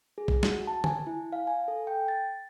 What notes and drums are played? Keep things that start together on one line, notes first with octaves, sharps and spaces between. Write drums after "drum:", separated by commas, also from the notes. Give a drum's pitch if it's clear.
G#4
drum: kick
F#4, drum: snare
A5
G#5, drum: tom D3
E4
F5
G#5
A4
G5
A6